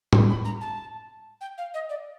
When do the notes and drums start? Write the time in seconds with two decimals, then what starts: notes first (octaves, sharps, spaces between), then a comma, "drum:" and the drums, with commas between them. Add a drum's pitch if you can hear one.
0.13 C6, drum: tom
0.30 B5
0.45 A#5
0.61 A5
1.41 G5
1.58 F5
1.74 D#5
1.89 D5